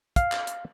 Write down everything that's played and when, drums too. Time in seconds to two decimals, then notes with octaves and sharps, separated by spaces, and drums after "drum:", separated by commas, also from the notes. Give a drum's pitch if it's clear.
0.16 F5, drum: kick, hi-hat
0.32 drum: clap
0.47 drum: hi-hat